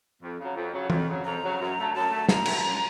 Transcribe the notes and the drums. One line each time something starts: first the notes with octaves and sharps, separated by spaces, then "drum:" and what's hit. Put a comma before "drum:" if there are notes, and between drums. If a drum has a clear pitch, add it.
F2
C#3 F#3
F2
C#3 F#3
F2, drum: tom E3
C#3 F#3
F2 A#5
C#3 F#3
F#2
D3 F#3 A3
F#2 A5
D3 F#3 A3
F#2 A#5, drum: snare
D3 F#3 A3, drum: cymbal
F#2